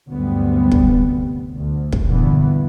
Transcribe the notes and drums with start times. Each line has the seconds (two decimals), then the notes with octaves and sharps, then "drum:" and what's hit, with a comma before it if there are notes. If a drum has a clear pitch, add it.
0.10 D2 G2 C3 F#3 G3 B3
0.72 drum: kick
1.56 D2
1.93 drum: kick
2.06 E2 G2 A#2 D3 E3 B3